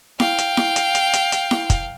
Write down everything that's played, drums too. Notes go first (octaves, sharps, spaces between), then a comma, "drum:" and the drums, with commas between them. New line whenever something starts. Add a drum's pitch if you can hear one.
F5 G5, drum: snare E4
drum: hi-hat
drum: snare E4
drum: hi-hat
drum: hi-hat
drum: hi-hat
drum: hi-hat
drum: snare E4
drum: kick, hi-hat